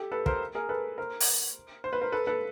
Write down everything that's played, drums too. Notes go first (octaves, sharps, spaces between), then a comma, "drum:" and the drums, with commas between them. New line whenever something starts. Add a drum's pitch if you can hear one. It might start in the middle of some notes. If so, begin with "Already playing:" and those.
Already playing: G4 A4
A4 B4
A#4 C5, drum: kick
G#4 A#4
A4 B4
A#4 C5
drum: open hi-hat
C5
B4
A#4 C5
A4 B4
A4 B4